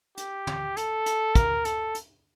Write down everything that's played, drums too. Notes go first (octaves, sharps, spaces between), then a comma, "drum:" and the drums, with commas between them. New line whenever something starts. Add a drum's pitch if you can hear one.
G4, drum: hi-hat
drum: tom
A4, drum: hi-hat
drum: hi-hat
A#4, drum: kick, hi-hat
A4, drum: hi-hat
drum: hi-hat